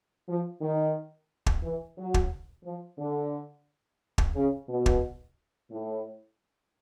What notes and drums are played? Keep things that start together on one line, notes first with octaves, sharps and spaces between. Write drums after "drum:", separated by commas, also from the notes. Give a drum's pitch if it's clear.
F3
D#3
drum: kick
E3
F#3
drum: kick
F3
D3
drum: kick
C#3
B2
drum: kick
A2